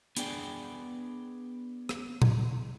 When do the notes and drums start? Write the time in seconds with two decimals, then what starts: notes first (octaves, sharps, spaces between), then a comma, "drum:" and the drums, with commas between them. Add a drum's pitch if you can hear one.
0.17 B3 D4 G#4 D5 G5, drum: hi-hat
1.89 drum: rim click
2.22 drum: tom A#2